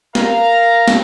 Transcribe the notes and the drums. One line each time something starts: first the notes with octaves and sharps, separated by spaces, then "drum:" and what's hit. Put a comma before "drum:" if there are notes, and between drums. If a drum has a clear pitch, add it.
A#4 F5 A#5, drum: snare
drum: snare